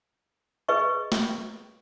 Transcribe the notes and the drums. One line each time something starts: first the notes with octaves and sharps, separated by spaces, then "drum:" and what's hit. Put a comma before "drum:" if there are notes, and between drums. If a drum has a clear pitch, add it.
G#4 B4 D#5 C#6
drum: snare